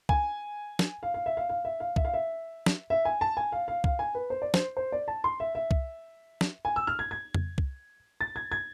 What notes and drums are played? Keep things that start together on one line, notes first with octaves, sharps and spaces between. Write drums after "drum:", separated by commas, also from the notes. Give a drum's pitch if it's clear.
G#5, drum: kick C2
drum: snare
F5
F5
E5
F5
F5
E5
F5
E5, drum: kick C2
F5
E5
drum: snare
E5
G#5
A5
G#5
F5
F5
F5, drum: kick C2
G#5
B4
C5
D5
C5, drum: snare
C5
D5
A5
C6
E5
E5
drum: kick C2
drum: snare
G#5
E6
F6
G#6
G#6
drum: tom F2
drum: kick C2
A6
G#6
G#6